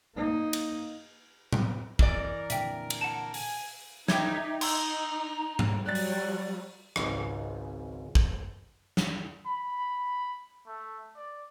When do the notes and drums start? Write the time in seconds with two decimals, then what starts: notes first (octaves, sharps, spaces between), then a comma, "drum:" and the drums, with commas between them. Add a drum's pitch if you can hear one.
0.15 A#3 D#4
0.53 drum: cymbal
1.52 drum: tom A2
1.99 E3 A#4 D5, drum: kick
2.50 A#2 D3 E5 G5, drum: hi-hat
2.90 drum: cymbal
3.01 F#5 A5
3.34 G#5, drum: open hi-hat
4.08 D#4 E5 G5 D6 G#6, drum: snare
4.61 D#4 A#5 C6 E6, drum: cymbal
5.59 drum: tom G#2
5.86 F#3 G3 D5 F#6 A6
5.95 drum: open hi-hat
6.96 G#1 C#2 G#2, drum: rim click
8.15 drum: kick
8.97 drum: snare
9.46 B5
10.67 A3
11.16 D5